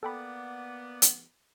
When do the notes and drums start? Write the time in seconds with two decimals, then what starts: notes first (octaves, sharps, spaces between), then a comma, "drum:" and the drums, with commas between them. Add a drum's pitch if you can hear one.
0.03 A#3 B3 A4 D5 F#5 G5 B5
1.02 drum: hi-hat